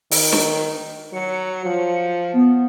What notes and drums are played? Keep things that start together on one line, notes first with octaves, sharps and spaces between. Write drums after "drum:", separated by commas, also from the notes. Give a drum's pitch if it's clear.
D#3, drum: open hi-hat
drum: snare
F#3 C#7
F3
B3